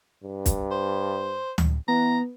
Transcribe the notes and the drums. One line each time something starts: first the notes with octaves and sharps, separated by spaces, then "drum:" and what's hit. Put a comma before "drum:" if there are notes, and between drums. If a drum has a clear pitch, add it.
G2
drum: kick, hi-hat
C5
drum: tom D2
E3 B3 A#5